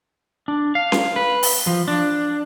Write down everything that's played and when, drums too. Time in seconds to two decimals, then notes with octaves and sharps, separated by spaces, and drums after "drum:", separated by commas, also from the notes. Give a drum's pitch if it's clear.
0.48 D4
0.75 F5
0.92 drum: snare C#4
1.16 B4
1.43 drum: open hi-hat
1.67 F3
1.88 D4